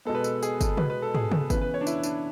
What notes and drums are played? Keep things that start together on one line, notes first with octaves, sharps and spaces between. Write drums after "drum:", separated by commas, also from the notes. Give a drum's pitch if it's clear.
B2 G#3 B3 A4
B4
A4, drum: tambourine
G#4, drum: tambourine
A4, drum: kick G1, tambourine
B2 G#3 B3 B4, drum: tom
B4
A4
G#4, drum: tom
A4, drum: tom
C#3 E3 B3 B4, drum: kick G1, tambourine
B4
C#5
D4
E4, drum: tambourine
D4, drum: tambourine